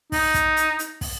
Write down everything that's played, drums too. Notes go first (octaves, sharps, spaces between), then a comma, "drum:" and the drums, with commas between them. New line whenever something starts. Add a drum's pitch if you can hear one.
D#4, drum: kick, open hi-hat
drum: kick, hi-hat
drum: hi-hat
drum: hi-hat
drum: kick, open hi-hat